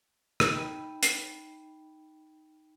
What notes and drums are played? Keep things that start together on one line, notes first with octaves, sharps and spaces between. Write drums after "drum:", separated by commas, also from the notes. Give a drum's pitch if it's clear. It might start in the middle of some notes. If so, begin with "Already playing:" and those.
drum: rim click
D#4 G5 B5
drum: hi-hat